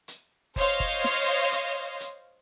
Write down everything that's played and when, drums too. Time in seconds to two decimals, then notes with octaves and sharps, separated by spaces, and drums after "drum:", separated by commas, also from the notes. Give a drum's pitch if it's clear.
0.08 drum: hi-hat
0.56 C5 C#5 D#5 F5 C6, drum: kick F#1
0.80 drum: kick F#1
1.04 drum: snare
1.52 drum: hi-hat
2.00 drum: hi-hat